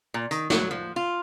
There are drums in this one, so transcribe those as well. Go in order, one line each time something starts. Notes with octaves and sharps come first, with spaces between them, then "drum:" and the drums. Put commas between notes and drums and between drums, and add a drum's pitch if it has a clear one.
A#2
D#3, drum: hi-hat
F#3, drum: snare
F3
F4